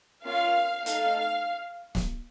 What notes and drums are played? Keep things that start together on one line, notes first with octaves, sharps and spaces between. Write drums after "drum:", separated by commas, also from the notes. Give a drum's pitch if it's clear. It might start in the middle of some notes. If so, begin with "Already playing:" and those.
A#3 C#4 F4 F5
A3 D#4 A4 F5, drum: hi-hat
drum: snare